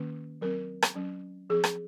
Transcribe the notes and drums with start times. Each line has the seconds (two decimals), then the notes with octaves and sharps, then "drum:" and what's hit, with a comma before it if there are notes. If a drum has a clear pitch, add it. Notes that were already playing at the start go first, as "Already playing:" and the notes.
Already playing: D#3 A#3 C#4
0.41 F#3 C4 A#4
0.82 drum: rim click
0.95 F#3 C#4
1.50 F3 C4 G#4
1.64 drum: rim click